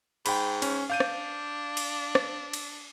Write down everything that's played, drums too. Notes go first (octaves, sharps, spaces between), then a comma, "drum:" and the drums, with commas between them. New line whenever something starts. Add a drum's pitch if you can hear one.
G#2 G5 B5, drum: cymbal
C#4, drum: cymbal
D4 F5 G6 D#7
drum: rim click
drum: cymbal
drum: rim click
drum: cymbal